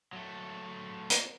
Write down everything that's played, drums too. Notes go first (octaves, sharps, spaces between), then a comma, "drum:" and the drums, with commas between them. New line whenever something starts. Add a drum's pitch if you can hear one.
F#3 A3
drum: hi-hat